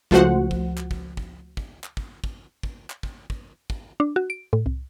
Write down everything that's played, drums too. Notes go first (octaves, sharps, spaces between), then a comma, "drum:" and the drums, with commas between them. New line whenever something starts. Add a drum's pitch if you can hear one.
C#2 F3 A3 F#4 C5 F#5, drum: kick
drum: kick
drum: clap
drum: kick
drum: kick
drum: kick
drum: clap
drum: kick
drum: kick
drum: kick
drum: clap
drum: kick
drum: kick
drum: kick
D4
F#4
D7
A2
C2